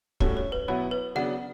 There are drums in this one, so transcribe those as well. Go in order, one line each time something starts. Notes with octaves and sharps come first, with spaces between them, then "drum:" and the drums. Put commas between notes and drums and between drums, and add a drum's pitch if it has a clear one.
A2 G3 C#4 F#4 A4 C#5, drum: kick
C#5
B4
B2 F#3 B3 E4 B4 C#5
B4
C#3 F#3 B3 D4 F#5